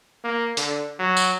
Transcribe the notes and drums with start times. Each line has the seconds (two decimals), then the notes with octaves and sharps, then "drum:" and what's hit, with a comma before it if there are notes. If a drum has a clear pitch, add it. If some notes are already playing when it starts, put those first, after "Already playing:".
0.24 A#3
0.57 D3, drum: hi-hat
0.99 F#3
1.17 drum: tambourine